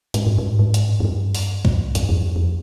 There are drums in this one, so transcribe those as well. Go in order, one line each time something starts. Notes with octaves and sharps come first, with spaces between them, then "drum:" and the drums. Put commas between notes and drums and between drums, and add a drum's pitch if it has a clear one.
G#2, drum: hi-hat
G2
G#2
G#2
drum: hi-hat
F2
G2
drum: open hi-hat
drum: kick C2
G2, drum: hi-hat
F2
F2